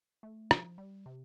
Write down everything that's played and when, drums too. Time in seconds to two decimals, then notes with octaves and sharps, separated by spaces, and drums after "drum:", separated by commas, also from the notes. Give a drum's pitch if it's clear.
0.23 A3
0.51 F3, drum: rim click
0.78 G3
1.06 C3